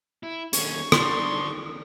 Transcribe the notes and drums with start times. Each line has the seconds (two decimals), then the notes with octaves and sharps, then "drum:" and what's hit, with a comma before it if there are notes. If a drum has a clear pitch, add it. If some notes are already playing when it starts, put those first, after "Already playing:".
0.23 E4
0.53 D#2 C#4 C#6, drum: hi-hat
0.92 D3 G3 C6, drum: rim click